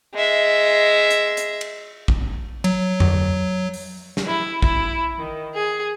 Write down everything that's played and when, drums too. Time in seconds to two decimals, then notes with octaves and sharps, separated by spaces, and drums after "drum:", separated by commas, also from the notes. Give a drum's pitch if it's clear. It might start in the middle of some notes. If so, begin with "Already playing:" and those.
0.14 G#3 E5
1.10 drum: hi-hat
1.37 drum: hi-hat
1.61 drum: cymbal
2.08 drum: kick
2.64 F#3, drum: cymbal
3.00 drum: tom F2
3.74 drum: open hi-hat
4.17 drum: snare
4.26 E4
4.62 E4, drum: kick
5.18 D#3
5.53 G#4